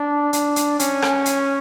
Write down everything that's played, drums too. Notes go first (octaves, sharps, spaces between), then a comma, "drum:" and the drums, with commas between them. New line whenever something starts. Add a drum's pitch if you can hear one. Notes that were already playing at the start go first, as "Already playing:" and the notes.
Already playing: D4
D4, drum: hi-hat
drum: hi-hat
C#4, drum: hi-hat
drum: rim click
drum: hi-hat